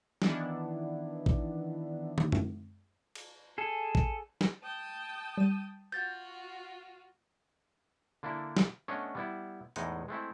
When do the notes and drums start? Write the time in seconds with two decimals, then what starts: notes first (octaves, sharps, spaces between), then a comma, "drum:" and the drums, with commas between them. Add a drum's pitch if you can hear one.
0.22 D#3 E3 B3 D4 E4, drum: snare
1.26 drum: kick
2.18 drum: tom
2.32 drum: tom F#2
3.15 drum: cymbal
3.58 G#4 A4
3.95 drum: kick
4.41 drum: snare
4.61 G5 A5 D#6
5.37 G3 D#7
5.92 F4 F#4 G6 A6
8.23 D3 A#3 D4 E4
8.57 drum: snare
8.88 A3 B3 C#4 D4 C#5 D#5
9.15 G3 B3 E4
9.76 E2 A2 G#3 D#4 D#5 F#5, drum: hi-hat
10.08 G#3 A3 C4 E4